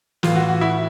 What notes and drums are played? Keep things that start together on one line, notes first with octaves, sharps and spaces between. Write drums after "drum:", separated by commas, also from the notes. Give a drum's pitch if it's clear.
A2 E3 F4, drum: snare
F#4
F#4
E4